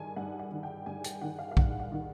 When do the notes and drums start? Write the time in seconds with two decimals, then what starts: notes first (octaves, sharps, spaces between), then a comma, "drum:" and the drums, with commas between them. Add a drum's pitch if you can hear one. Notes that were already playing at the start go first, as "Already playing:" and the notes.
Already playing: G2 D#3 G#5 A5
0.16 G2 F#5
0.40 F#5
0.52 D#3
0.63 G5
0.86 G2 G#5
1.04 G5, drum: hi-hat
1.21 D#3 F#5
1.39 F5
1.51 F5
1.57 G2 F#5, drum: kick B1
1.80 F#5
1.92 D#3